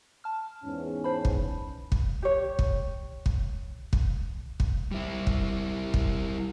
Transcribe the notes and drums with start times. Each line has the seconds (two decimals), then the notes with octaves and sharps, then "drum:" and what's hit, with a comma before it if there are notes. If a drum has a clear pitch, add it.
0.24 A5 F6
0.64 E2 G#2 C#4
1.04 C5 A5 B5
1.25 drum: kick
1.92 drum: kick
2.22 G4 C#5
2.59 drum: kick
3.26 drum: kick
3.93 drum: kick
4.60 drum: kick
4.92 G3 E4
5.27 drum: kick
5.94 drum: kick